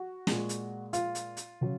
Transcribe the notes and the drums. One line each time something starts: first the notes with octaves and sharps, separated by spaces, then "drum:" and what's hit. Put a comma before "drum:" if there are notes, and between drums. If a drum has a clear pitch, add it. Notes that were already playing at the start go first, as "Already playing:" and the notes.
Already playing: F#4
A#2 G#3, drum: snare
drum: hi-hat
F4, drum: hi-hat
drum: hi-hat
drum: hi-hat
C#3 F#3